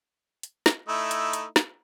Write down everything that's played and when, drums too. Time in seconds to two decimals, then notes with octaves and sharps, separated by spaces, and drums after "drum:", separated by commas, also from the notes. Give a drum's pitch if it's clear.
0.43 drum: hi-hat
0.66 drum: snare
0.88 A3 D#4 E4
1.11 drum: hi-hat
1.33 drum: hi-hat
1.56 drum: snare